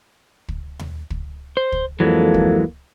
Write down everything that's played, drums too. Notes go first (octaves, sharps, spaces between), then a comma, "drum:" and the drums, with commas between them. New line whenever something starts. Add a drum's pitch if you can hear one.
drum: kick
drum: tom D#2
drum: kick
C5
drum: kick
F2 E3 F#3 G#3 A#3 A4
drum: kick